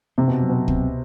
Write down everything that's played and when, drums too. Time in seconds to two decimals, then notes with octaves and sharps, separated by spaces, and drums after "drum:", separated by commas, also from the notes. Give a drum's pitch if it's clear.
0.18 C3 C4
0.28 B2
0.43 F#3
0.49 B2
0.68 C4, drum: kick